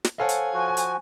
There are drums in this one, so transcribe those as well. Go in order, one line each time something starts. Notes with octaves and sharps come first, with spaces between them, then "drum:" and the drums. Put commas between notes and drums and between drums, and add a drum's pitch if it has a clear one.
drum: snare
A4 C5 C#5 F5 F#5 G#5
drum: hi-hat
F3 F#4
drum: hi-hat